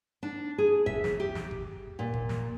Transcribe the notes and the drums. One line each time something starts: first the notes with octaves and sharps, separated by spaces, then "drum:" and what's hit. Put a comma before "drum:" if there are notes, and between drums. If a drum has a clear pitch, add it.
D4
G#4
E5, drum: kick G#1
drum: snare
G4
drum: snare
drum: kick G#1
A#2
drum: kick G#1
drum: snare